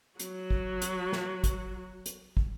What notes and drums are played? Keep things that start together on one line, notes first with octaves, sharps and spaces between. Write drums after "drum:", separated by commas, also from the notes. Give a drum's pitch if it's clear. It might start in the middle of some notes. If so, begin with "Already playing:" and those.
F#3 F#4, drum: hi-hat
drum: kick
drum: hi-hat
drum: snare
drum: kick, hi-hat
drum: hi-hat
drum: kick